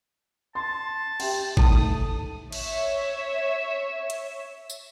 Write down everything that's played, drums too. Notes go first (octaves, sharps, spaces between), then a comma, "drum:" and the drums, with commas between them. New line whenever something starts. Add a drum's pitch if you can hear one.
A5 C6
G4 E5 G5, drum: cymbal
D#3 A3 A5 D#6, drum: kick G1
C#5 E5, drum: cymbal
drum: hi-hat
drum: tambourine